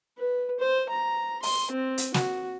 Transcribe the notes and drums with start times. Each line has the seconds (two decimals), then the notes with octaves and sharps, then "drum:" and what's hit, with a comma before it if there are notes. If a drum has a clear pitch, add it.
0.18 B4
0.60 C5
0.90 A#5
1.43 C6, drum: open hi-hat
1.72 C4
1.98 drum: hi-hat
2.14 F#4, drum: snare